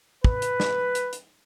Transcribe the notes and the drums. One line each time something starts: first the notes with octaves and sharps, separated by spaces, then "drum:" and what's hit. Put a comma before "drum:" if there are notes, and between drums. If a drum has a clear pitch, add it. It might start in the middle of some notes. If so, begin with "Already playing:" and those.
B4, drum: kick
drum: hi-hat
drum: snare
drum: hi-hat
drum: hi-hat